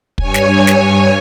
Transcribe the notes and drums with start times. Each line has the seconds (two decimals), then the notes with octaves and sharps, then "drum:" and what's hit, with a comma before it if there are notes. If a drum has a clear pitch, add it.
0.18 G2 C#5 G#5, drum: kick
0.34 drum: snare
0.67 drum: snare